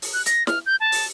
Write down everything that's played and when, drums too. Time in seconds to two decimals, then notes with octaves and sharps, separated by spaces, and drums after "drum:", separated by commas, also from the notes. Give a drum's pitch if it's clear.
0.02 drum: open hi-hat
0.14 F#6
0.26 A#6, drum: hi-hat
0.47 F6, drum: snare
0.66 G6
0.80 A5
0.92 drum: open hi-hat